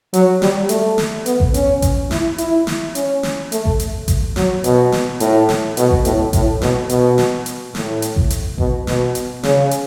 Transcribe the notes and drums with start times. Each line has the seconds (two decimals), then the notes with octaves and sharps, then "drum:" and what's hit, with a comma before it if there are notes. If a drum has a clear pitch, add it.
0.14 F#3, drum: hi-hat
0.42 G3, drum: snare
0.69 A3, drum: hi-hat
0.98 drum: snare
1.26 B3, drum: hi-hat
1.40 drum: kick G#1
1.54 C#4, drum: hi-hat
1.82 drum: kick G#1, hi-hat
2.11 E4, drum: snare
2.38 E4, drum: hi-hat
2.67 drum: snare
2.95 C#4, drum: hi-hat
3.23 drum: snare
3.52 A3, drum: hi-hat
3.65 drum: kick G#1
3.80 drum: hi-hat
4.08 drum: kick G#1, hi-hat
4.36 F#3, drum: snare
4.64 B2, drum: hi-hat
4.92 drum: snare
5.20 A2, drum: hi-hat
5.49 drum: snare
5.77 B2, drum: hi-hat
5.91 drum: kick G#1
6.05 A2, drum: hi-hat
6.33 A2, drum: kick G#1, hi-hat
6.62 B2, drum: snare
6.90 B2, drum: hi-hat
7.18 drum: snare
7.46 drum: hi-hat
7.75 A2, drum: snare
8.02 drum: hi-hat
8.16 drum: kick G#1
8.30 drum: hi-hat
8.58 B2, drum: kick G#1
8.87 B2, drum: snare
9.15 drum: hi-hat
9.43 C#3, drum: snare
9.71 drum: hi-hat